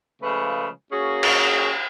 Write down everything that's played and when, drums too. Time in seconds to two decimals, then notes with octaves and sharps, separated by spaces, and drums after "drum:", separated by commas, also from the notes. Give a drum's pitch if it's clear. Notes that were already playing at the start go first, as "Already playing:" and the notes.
0.22 C#3 F3 G#3 A3 B4
0.91 A#3 C#4 F#4 G#4
1.23 drum: cymbal